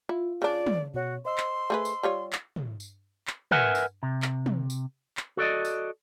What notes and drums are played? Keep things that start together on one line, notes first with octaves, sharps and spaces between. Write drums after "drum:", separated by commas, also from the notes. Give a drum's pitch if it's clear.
E4 F4
C#3 D4 D5
drum: tom
B2 F#4 C#5
C5 D#5 C6 E6
drum: clap
A3 G#4 B4
drum: tambourine
G3 F4 C#5
drum: clap
drum: tom
drum: tambourine
drum: clap
A#4 B4 E5 F#5 G#5, drum: tom
drum: tambourine
C3
drum: clap
drum: tom
drum: tambourine
drum: clap
F#4 A4 D5 D#5
drum: tambourine